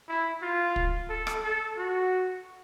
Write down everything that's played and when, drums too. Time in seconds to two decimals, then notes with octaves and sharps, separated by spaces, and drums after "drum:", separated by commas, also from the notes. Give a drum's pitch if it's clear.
0.09 E4
0.42 F4
0.76 drum: kick
1.09 A4
1.27 drum: rim click
1.44 A4
1.77 F#4